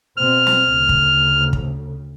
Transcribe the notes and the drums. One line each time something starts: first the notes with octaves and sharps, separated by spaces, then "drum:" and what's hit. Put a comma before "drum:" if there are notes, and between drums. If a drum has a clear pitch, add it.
B2 C4 F6
drum: snare
D2 C#3
drum: kick
drum: kick